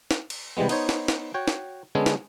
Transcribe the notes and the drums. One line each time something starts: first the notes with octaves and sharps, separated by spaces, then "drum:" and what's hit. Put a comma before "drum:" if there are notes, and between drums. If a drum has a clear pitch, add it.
drum: snare
drum: cymbal
C3 E3 G3 G#3 B3
B3 D#4 C5 C#5, drum: cymbal
drum: snare
drum: snare
F#4 C#5 G5
drum: snare
D3 G#3 B3 C#4 G#4 A4
drum: snare